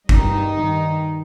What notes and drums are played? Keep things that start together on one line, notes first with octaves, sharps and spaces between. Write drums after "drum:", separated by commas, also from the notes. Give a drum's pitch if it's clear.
G2 D#3 D#4, drum: kick
G2 D#3